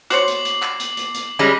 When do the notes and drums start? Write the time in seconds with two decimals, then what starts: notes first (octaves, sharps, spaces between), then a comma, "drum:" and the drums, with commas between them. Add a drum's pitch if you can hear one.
0.10 F#4 C5 C#5 D6 C7 F#7, drum: hi-hat
0.28 drum: hi-hat
0.45 drum: hi-hat
0.62 drum: clap
0.80 drum: hi-hat
0.97 drum: hi-hat
1.14 drum: hi-hat
1.39 G3 G#3 C#4 D6 A#6 B6